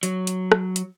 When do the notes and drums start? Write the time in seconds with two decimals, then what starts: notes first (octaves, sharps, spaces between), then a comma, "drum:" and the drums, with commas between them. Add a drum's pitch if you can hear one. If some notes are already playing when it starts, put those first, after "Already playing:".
0.03 F#3, drum: hi-hat
0.27 drum: hi-hat
0.52 drum: rim click
0.76 drum: hi-hat